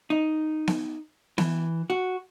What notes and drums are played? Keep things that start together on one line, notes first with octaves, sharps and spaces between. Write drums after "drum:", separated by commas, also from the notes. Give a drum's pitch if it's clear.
D#4
drum: snare B3
E3, drum: snare B3
F#4